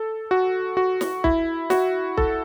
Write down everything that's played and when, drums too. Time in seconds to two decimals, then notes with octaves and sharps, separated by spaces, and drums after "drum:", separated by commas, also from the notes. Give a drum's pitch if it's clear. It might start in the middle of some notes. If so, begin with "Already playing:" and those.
Already playing: A4
0.31 F#4
0.77 F#4
1.01 drum: snare
1.24 E4, drum: kick
1.70 F#4, drum: snare
2.17 A4, drum: kick